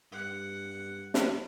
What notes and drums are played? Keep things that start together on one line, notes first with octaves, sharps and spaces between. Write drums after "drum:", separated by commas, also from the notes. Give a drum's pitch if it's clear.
G2 F#5
drum: snare